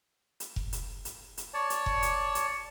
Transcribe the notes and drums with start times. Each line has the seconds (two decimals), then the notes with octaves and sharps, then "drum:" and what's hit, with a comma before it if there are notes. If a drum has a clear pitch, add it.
0.40 drum: hi-hat
0.56 drum: kick F1
0.73 drum: hi-hat
1.05 drum: hi-hat
1.37 drum: hi-hat
1.54 C#5 D5 A5
1.70 drum: hi-hat
1.86 drum: kick F1
2.02 drum: hi-hat
2.35 drum: hi-hat